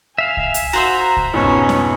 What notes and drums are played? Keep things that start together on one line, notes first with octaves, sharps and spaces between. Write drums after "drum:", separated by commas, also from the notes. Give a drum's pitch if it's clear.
E5 F5 G#5
drum: kick C2
drum: hi-hat
F#4 C5 E5 A#5
drum: kick C2
F2 G#2 B2 C#4
drum: snare